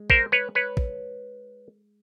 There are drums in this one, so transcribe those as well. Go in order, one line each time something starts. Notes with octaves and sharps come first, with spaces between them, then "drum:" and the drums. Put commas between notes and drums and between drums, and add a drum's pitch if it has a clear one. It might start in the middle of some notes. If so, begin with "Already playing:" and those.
Already playing: G#3
A#4 C5, drum: kick
B4 C#5
B4 C#5
drum: kick